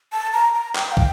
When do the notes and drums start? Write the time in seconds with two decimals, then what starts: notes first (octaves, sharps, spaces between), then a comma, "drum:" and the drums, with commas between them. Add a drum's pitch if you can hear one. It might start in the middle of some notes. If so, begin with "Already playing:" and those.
0.13 A5
0.33 A#5
0.54 A#5
0.75 G5, drum: clap
0.92 F5
0.97 G5, drum: kick